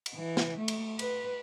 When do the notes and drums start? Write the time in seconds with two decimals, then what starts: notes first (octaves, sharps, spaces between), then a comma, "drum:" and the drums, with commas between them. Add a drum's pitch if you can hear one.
0.06 drum: cymbal
0.15 E3
0.37 drum: snare
0.58 A3
0.68 drum: cymbal
0.99 B4, drum: cymbal